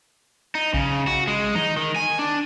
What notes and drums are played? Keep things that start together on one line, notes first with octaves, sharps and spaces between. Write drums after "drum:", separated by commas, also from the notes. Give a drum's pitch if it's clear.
D#4
C#3, drum: kick A#1
F#4
G#3
D#4, drum: tom D#3
D#3
G#5
D4